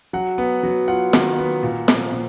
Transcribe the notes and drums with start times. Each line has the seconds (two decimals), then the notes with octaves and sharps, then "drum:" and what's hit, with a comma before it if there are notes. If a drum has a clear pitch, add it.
0.13 F#3 F#5
0.38 B3
0.63 F#3
0.88 F4 F#5
1.13 D#3, drum: snare
1.38 B3
1.63 A#2
1.88 F3, drum: snare
2.12 A#2